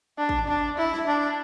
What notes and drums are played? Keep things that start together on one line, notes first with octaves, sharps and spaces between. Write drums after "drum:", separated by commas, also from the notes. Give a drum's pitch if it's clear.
D4
drum: kick
D4
E4
drum: snare
D4